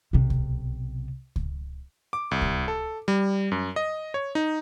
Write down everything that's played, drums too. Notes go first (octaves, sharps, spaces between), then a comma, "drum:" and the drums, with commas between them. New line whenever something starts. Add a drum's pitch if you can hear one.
B1 C3
drum: kick C#2
drum: kick C#2
D6
C2
drum: kick C#2
A4
G3
F#2
D#5
C#5
D#4